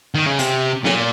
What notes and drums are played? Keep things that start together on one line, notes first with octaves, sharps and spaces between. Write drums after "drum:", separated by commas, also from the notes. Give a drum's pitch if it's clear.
D#3
C#3
C3, drum: hi-hat
A#2, drum: snare